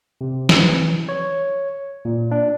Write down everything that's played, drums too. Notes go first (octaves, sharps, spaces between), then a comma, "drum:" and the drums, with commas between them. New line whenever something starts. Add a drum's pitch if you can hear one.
C3
E3, drum: snare
C#5
A#2
D4